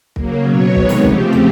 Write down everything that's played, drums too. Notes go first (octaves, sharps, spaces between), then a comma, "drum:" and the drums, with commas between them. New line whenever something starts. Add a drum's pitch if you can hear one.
C#3 F#3 A#3, drum: kick
B2 F#3 B3 C#5
C3 D#3 G#3 B3, drum: kick
drum: snare
C#3 F3 A3 C4 G4, drum: kick
drum: tom